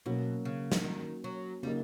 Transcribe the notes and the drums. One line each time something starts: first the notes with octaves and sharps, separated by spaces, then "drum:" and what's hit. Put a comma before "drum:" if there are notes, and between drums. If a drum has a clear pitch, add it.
B2 F#3 A#3 C#4
C#3
drum: snare
D#3
F#3
C#3 F#3 G3 A#3 D#4